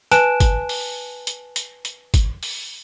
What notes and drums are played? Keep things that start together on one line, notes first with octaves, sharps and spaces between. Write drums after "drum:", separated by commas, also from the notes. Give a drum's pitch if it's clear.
B4 G#5 A5 F#6 D7 E7, drum: hi-hat
drum: kick, hi-hat
drum: open hi-hat
drum: hi-hat
drum: hi-hat
drum: hi-hat
drum: kick, hi-hat
drum: open hi-hat